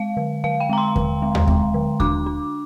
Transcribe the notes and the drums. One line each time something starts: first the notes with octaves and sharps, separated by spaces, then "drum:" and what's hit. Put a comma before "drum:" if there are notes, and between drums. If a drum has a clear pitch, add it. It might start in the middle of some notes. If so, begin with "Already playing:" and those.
Already playing: G#3 F5
D3
D3 F5
G5
G#3 A#5
C6
D3, drum: kick D#2
G#3
drum: tom D#2
G#3, drum: kick D#2
D3
D4 D6, drum: kick D#2
D4